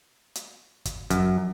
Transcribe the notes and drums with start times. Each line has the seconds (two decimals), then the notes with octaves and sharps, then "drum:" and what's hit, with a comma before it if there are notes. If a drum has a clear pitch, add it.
0.35 drum: hi-hat
0.85 drum: kick, hi-hat
1.10 F#2, drum: kick, hi-hat